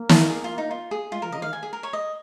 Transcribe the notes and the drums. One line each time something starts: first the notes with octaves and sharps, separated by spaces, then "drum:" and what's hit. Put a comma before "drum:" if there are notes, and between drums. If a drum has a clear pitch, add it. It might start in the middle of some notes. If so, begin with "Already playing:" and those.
Already playing: A#3
A#4, drum: snare
G#4
F4
D#4
F4
G#4
G#3 F4
F3 A#4
C#3 D#5
F3
D#3 F5
G#5
G#4
A#4
C#5
D#5